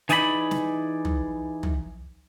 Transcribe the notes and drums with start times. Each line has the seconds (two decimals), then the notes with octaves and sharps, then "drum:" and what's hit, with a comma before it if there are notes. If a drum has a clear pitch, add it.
0.09 E3 D#4 G#4 D5 G#5 B5, drum: hi-hat
0.51 drum: snare
1.05 drum: tom
1.63 drum: tom